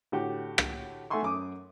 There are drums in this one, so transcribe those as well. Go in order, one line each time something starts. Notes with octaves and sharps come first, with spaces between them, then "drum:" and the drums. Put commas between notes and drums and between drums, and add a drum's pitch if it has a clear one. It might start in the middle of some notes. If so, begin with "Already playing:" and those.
A2 D3 F#4 G4
drum: rim click
A3 E5 F#5 G#5 C6 C#6
F#2 D6 D#6